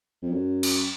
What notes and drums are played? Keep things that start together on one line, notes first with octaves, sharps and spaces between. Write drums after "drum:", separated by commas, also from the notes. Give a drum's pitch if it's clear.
F2
F#2
drum: cymbal